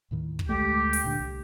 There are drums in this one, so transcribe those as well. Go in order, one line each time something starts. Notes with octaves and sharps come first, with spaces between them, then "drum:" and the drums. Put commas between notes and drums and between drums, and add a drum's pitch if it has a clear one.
D#2 A2 D#3
drum: kick
D2 G#3 A3 G4
drum: open hi-hat
A#2 D3
C2